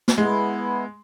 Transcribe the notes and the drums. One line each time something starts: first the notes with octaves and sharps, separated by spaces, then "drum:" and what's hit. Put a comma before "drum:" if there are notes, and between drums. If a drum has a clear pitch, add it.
drum: snare
G#3 B3 E4